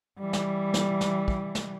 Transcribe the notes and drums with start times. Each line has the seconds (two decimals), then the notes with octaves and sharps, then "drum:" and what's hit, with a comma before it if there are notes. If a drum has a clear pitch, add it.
0.20 E3 G3
0.33 drum: snare
0.74 drum: snare
1.01 drum: snare
1.28 drum: kick
1.55 drum: snare